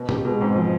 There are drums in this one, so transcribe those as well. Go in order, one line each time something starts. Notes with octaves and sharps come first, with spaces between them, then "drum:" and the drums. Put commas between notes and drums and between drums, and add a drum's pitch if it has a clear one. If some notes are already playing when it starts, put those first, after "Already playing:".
Already playing: B2
G4, drum: tom
B2 G#3
G#2 C4
F3